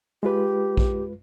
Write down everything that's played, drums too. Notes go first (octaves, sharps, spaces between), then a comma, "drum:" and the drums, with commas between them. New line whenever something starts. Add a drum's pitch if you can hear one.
G#3 F4 G4 B4
drum: kick A#1